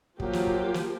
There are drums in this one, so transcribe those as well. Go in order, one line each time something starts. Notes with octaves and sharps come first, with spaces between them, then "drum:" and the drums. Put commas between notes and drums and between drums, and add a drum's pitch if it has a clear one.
F3 F#3 A#3 G4, drum: kick
drum: snare
drum: kick
drum: snare